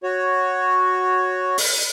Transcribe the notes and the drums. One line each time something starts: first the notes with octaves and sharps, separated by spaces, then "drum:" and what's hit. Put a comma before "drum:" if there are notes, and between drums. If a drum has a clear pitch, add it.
F#4 C#5
drum: open hi-hat